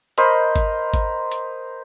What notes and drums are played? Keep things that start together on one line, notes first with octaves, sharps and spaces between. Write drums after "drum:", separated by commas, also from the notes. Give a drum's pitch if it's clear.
A#4 C5 D#5 B5, drum: hi-hat
drum: kick G#1, hi-hat
drum: kick G#1, hi-hat
drum: hi-hat